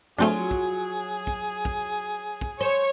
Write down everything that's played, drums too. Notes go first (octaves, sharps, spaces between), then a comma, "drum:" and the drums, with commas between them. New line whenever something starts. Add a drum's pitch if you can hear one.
F#3 A3 C4 D4 F4 G#4
drum: kick
drum: kick
drum: kick
drum: kick
C5 C#5